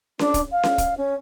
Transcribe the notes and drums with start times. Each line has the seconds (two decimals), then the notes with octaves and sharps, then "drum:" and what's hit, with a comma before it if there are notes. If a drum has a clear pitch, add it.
0.19 D4, drum: snare C#4
0.34 drum: kick, hi-hat
0.52 F5
0.63 drum: snare C#4
0.78 drum: kick, hi-hat
0.98 C#4